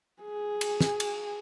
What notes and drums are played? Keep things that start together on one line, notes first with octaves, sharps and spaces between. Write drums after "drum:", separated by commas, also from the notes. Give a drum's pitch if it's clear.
G#4
drum: cymbal
drum: snare
drum: cymbal